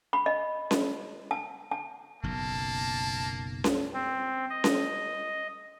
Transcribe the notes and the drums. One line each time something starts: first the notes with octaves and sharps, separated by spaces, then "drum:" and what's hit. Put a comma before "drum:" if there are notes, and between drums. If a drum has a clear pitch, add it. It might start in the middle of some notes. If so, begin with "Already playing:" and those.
B5
D#5
drum: snare C#4
A5
A5
F#1 B1 A#3 A5
drum: snare C#4
C4
D#5
drum: snare C#4